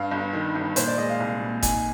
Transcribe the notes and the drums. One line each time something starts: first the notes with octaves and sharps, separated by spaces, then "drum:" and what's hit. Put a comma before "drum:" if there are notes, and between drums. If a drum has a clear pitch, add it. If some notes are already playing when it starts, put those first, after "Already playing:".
Already playing: G2 F5
G1
D#3
G1
A#2 C5, drum: hi-hat
D5
G#3 D#5
F5
C2
A#2
G#2 G#5, drum: kick G1, hi-hat